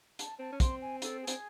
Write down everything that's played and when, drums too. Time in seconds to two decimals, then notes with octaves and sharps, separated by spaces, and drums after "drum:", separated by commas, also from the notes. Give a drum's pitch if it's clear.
0.19 A5, drum: hi-hat
0.39 C4 A5
0.52 C#4
0.60 C4 C6, drum: kick, hi-hat
0.81 G#5
1.02 A4, drum: hi-hat
1.22 G#4
1.27 C4, drum: hi-hat